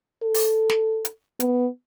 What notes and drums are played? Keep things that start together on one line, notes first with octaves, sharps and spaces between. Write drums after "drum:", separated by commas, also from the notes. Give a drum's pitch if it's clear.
A4
drum: open hi-hat
drum: snare
drum: hi-hat
B3, drum: hi-hat